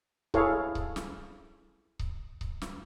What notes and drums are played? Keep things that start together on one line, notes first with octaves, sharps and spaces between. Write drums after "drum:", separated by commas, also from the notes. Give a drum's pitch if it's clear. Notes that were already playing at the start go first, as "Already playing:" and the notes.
E4 G#4 A4 C#5 F5, drum: kick C#1
drum: kick C#1
drum: snare
drum: kick C#1
drum: kick C#1
drum: snare